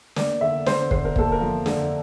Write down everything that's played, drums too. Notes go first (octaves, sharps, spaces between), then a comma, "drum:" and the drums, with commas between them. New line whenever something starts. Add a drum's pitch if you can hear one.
A#3 D5, drum: snare
D3 E5
D3 C5, drum: snare
D3 C5, drum: kick
A#4
A#3 A4, drum: kick
A#4
F3
D3, drum: snare